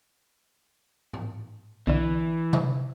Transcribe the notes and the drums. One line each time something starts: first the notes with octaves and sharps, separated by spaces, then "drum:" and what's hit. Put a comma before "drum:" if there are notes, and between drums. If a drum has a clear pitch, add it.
drum: tom
B1 D3 E3
drum: tom C3